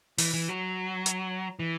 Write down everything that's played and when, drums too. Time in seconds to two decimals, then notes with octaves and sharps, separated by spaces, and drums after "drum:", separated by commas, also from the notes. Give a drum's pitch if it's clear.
0.18 E3, drum: open hi-hat
0.34 E3
0.49 F#3
1.06 drum: hi-hat
1.59 E3